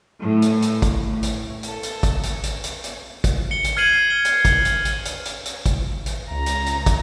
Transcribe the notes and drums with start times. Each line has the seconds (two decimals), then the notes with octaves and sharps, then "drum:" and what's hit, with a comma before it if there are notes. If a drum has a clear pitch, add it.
0.20 A2
0.42 drum: hi-hat
0.62 drum: hi-hat
0.82 drum: kick, hi-hat
0.98 A2
1.23 drum: hi-hat
1.63 A4, drum: hi-hat
1.83 drum: hi-hat
2.03 drum: kick, hi-hat
2.23 drum: hi-hat
2.43 drum: hi-hat
2.64 drum: hi-hat
2.84 drum: hi-hat
3.24 drum: kick, hi-hat
3.51 C#7 G7
3.64 drum: hi-hat
3.77 F6 G#6 C7 D#7 F#7
4.10 G7
4.25 drum: hi-hat
4.45 drum: kick, hi-hat
4.65 drum: hi-hat
4.85 drum: hi-hat
5.05 drum: hi-hat
5.25 drum: hi-hat
5.45 drum: hi-hat
5.66 drum: kick, hi-hat
6.06 drum: hi-hat
6.31 C#2 A#5
6.46 drum: hi-hat
6.66 drum: hi-hat
6.86 drum: kick, hi-hat